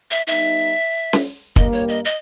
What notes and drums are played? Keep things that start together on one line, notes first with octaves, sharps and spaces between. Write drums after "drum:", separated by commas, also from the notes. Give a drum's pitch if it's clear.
E5
G3 B3 D#4 E5
drum: snare C#4
G2 G3 A#3 D#5, drum: kick
C#5
D#5
D#5